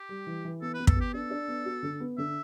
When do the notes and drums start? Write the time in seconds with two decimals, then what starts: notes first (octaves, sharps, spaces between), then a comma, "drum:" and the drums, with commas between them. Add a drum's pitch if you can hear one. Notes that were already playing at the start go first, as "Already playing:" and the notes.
Already playing: G4
0.09 G3
0.27 E3
0.45 E3
0.62 B3 A4
0.74 B4
0.79 B3
0.87 A4, drum: kick
0.96 B3 G4
1.14 D4 A4
1.30 D4
1.48 B3
1.65 F#4
1.83 D3
2.00 B3
2.18 D3 E5